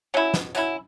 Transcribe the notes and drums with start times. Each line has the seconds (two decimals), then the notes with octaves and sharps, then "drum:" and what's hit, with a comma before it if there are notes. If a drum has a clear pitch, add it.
0.14 F#3 C#4 E4
0.34 B2, drum: snare
0.55 F#3 C#4 E4, drum: tambourine